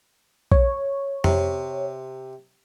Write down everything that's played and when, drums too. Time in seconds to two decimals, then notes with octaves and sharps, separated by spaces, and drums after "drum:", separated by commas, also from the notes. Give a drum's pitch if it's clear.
0.52 C#5, drum: kick A#1
1.24 C3, drum: tom F2